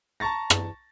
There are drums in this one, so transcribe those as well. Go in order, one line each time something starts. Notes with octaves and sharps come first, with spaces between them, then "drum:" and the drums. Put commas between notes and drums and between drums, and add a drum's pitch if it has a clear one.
A5 A#5 C#6 A6 A#6
drum: rim click